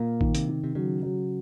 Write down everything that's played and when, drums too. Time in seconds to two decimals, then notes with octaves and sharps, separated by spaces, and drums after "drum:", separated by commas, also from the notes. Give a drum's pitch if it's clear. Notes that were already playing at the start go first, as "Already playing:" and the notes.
Already playing: A#2 A#3
0.21 D#3, drum: kick A1
0.35 C3, drum: hi-hat
0.48 D#3
0.64 C3
0.75 C#3 F#3
1.03 F#3